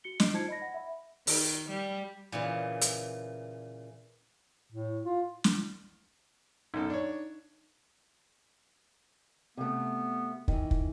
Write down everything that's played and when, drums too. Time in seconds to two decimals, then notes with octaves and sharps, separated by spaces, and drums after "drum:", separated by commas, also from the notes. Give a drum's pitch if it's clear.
0.04 F#4 C#7 G7
0.20 D#5 C7 D7, drum: snare
0.33 D#4 F4 C5 A5 G#6 C#7
0.48 D#5 B5 A#6
0.62 F#5
0.74 E5 B5
1.27 D#3, drum: open hi-hat
1.70 G3
2.32 A#2 C#3 E3
2.81 drum: hi-hat
4.72 A2
5.05 F4
5.44 drum: snare
6.74 B1 F#2 D#4 A4
6.90 D4 C#5
9.57 C3 A3 B3
10.48 D#3 E3, drum: kick
10.71 drum: kick